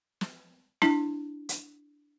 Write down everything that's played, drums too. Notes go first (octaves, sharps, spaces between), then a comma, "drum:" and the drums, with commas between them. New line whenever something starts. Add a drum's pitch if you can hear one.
drum: snare
D4 E4, drum: snare
drum: hi-hat